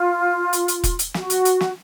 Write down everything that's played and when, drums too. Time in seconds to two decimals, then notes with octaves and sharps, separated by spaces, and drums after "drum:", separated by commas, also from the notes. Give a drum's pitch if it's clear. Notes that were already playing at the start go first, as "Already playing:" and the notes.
Already playing: F4
0.53 drum: hi-hat
0.68 drum: hi-hat
0.84 drum: kick E1, hi-hat
0.99 drum: hi-hat
1.14 F#4, drum: snare
1.30 drum: hi-hat
1.45 drum: hi-hat
1.61 drum: snare